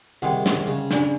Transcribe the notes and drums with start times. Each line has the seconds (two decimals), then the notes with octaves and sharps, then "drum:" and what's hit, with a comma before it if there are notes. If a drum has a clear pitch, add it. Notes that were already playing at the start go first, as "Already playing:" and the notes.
0.22 C2 D#3 G#3 F#5 G5
0.46 drum: snare
0.67 C#3
0.91 D4 D5 G#5, drum: snare